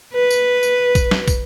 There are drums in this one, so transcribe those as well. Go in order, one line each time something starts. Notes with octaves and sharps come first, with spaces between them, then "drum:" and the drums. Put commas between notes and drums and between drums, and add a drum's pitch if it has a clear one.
B4
drum: tambourine
drum: tambourine
drum: kick, tambourine
drum: snare
drum: kick, tambourine